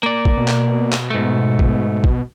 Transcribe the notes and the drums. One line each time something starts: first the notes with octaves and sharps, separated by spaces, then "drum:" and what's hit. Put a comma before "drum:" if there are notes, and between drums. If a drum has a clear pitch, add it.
A#3 D5
drum: kick A#1
B2
drum: clap
drum: clap
G#2 A3
drum: kick A#1
drum: kick A#1